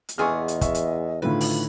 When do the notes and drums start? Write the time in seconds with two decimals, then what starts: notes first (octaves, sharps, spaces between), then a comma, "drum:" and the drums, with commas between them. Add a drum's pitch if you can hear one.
0.09 drum: hi-hat
0.18 E2 A#2 B3 G#4 D#5 C#6 E6 F6
0.48 drum: hi-hat
0.61 E5 C#6, drum: kick, hi-hat
0.75 drum: hi-hat
1.22 A2 D3 D#3 F4 B4
1.41 drum: open hi-hat